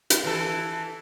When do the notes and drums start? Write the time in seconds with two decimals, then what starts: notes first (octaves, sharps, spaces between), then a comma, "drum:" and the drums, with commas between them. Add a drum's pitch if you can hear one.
0.10 drum: hi-hat
0.24 E3 A4